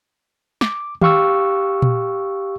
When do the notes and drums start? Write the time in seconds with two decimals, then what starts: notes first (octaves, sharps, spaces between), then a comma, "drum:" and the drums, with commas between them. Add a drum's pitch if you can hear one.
0.61 D6, drum: snare
1.01 G4 F5 C#6 E6, drum: tom D#3
1.82 drum: tom A#2